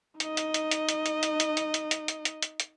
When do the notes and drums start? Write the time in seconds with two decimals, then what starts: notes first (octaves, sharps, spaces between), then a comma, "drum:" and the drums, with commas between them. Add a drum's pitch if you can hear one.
0.20 D#4 D#5, drum: hi-hat
0.37 drum: hi-hat
0.54 drum: hi-hat
0.71 drum: hi-hat
0.89 drum: hi-hat
1.06 drum: hi-hat
1.23 drum: hi-hat
1.40 drum: hi-hat
1.57 drum: hi-hat
1.74 drum: hi-hat
1.91 drum: hi-hat
2.08 drum: hi-hat
2.25 drum: hi-hat
2.42 drum: hi-hat
2.60 drum: hi-hat